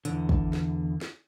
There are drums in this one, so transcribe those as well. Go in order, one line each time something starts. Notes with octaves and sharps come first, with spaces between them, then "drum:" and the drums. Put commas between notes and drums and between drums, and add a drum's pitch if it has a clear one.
E2 D3, drum: hi-hat
drum: kick
drum: snare
drum: snare